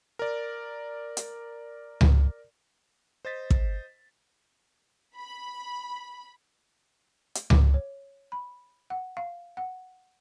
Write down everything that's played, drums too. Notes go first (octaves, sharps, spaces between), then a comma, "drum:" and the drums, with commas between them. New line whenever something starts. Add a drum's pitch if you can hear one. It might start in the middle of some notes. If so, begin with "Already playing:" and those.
A#4 D5
drum: hi-hat
drum: tom C#2
C5 D#5 A6 B6
drum: kick
B5
drum: hi-hat
D6, drum: tom C#2
C#5
B5
F#5
F5
F#5